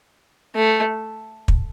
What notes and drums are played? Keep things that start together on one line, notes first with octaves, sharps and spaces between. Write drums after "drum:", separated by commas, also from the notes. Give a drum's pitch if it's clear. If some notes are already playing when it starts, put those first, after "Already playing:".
A3
drum: kick